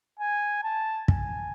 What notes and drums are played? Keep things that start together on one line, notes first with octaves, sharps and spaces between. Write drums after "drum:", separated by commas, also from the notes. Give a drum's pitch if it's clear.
G#5
A5
G#5, drum: kick